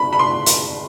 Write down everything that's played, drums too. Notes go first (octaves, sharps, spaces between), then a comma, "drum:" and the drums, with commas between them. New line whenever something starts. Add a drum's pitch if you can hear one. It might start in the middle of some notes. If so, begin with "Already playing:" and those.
Already playing: B5
B5
C6
drum: hi-hat